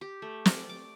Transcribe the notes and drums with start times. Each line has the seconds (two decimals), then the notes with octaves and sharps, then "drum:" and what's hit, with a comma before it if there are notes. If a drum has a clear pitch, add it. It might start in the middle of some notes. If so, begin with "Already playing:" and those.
0.01 G4
0.22 A3
0.45 D5, drum: snare
0.69 D6